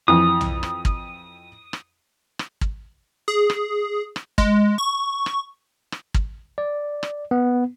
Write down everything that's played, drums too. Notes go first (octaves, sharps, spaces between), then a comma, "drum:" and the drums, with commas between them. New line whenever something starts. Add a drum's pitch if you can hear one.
F2 E3 D#6
drum: tom B1
drum: rim click
drum: kick
drum: rim click
drum: rim click
drum: kick
G#4
drum: rim click
drum: rim click
G#3, drum: kick
C#6
drum: rim click
drum: rim click
drum: kick
D5
drum: rim click
B3